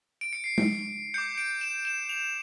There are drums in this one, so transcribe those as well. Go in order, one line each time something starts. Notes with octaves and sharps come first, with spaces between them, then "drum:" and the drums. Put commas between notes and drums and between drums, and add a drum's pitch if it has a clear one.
D7
C#7
C7
drum: tom G#3
D6 G6 C#7
D7
E7
E7
F7